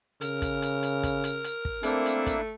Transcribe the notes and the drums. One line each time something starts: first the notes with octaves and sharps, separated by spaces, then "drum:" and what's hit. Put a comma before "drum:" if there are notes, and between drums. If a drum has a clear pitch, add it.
C#3 A#4, drum: hi-hat
drum: kick, hi-hat
drum: hi-hat
drum: hi-hat
drum: kick, hi-hat
drum: hi-hat
drum: hi-hat
drum: kick
A3 A#3 C4 D4 E4, drum: hi-hat
drum: hi-hat
drum: kick, hi-hat